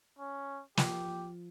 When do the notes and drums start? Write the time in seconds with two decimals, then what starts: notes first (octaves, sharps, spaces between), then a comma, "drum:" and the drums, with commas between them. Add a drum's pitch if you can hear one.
0.19 C#4
0.77 F3 G4, drum: snare